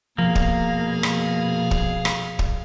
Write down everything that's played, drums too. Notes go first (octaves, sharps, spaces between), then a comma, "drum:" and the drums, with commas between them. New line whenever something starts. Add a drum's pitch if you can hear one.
F2 B2 F3 A#3 G#4 F5
drum: kick
drum: rim click
drum: kick
drum: rim click
drum: kick